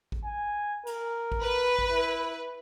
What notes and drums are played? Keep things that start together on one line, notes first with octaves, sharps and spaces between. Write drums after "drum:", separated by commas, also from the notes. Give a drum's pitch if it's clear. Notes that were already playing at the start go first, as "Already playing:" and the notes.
drum: kick
G#5
A#4, drum: cymbal
drum: kick
B4
drum: kick
E4